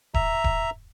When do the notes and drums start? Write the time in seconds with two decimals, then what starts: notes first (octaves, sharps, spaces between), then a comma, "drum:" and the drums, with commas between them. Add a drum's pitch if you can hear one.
0.14 E5 A#5, drum: kick D#1
0.44 drum: kick D#1